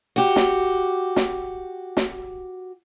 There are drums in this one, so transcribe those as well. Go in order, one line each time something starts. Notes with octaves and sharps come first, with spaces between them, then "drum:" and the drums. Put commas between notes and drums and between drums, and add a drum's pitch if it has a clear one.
F#4 G4
drum: snare
drum: snare
drum: snare